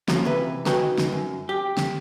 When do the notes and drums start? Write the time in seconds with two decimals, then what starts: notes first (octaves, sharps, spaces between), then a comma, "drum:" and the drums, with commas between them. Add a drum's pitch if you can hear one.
0.08 F3 F#3 A#3 C4 C#4, drum: snare
0.25 C3 E3 B4
0.66 D#4 F#4 B4 G5 G#5 A#5, drum: snare
0.98 drum: snare
1.12 F#2
1.49 G4
1.77 drum: snare